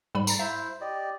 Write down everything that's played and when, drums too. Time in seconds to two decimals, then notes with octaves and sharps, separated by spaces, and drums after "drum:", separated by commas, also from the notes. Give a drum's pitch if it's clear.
0.15 G#2 G3 B5
0.27 A#5 A6, drum: tambourine
0.39 E4 C5 E5
0.81 G4 D5 D#5